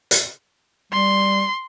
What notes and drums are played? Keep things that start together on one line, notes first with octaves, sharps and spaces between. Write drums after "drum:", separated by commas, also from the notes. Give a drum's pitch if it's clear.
drum: hi-hat
G3 C6